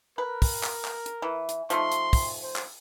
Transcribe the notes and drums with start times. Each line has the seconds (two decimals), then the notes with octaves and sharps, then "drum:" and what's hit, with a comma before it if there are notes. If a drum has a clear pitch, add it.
0.18 A#4 B4
0.42 drum: kick, open hi-hat
0.63 drum: clap
0.85 drum: clap
1.06 drum: hi-hat
1.22 E3
1.49 drum: hi-hat
1.70 F3 A3 D#4 C6, drum: hi-hat
1.92 drum: hi-hat
2.13 drum: kick, open hi-hat
2.43 C5
2.56 drum: clap